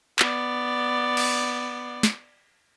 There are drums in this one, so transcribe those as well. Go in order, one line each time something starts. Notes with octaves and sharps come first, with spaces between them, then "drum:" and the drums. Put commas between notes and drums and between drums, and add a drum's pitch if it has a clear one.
B3 D5, drum: clap
drum: cymbal
drum: snare